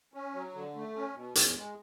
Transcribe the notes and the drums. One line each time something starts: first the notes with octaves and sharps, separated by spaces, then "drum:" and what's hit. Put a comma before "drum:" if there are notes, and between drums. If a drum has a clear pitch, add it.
C#4
F#3
D3
A3
C#4
B2
E2, drum: hi-hat
G#3